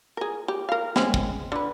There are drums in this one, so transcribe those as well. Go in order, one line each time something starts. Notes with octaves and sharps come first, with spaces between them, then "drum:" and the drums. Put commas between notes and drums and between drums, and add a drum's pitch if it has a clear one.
G#4 A#4
G4
A#4 F5
G#3 C4 C#4, drum: snare
drum: kick
D3 B4